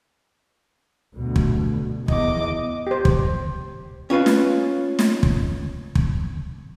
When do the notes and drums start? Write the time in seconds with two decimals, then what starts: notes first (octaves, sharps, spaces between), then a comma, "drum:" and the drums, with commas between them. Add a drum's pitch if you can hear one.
1.15 D2 G2 B2
1.36 drum: kick
2.08 E2 D#5 D6, drum: kick
2.87 G4 C5
3.05 drum: kick
4.10 C#4 F4 B4 F5
4.26 drum: snare
4.99 drum: snare
5.23 drum: kick
5.95 drum: kick